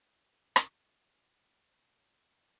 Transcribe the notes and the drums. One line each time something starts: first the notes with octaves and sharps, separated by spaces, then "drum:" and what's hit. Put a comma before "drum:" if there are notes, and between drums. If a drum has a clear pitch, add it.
drum: rim click
B1 A#2 C#3 E3 D#5
F#2 F#3 E5 F#5
B2
B3 F#4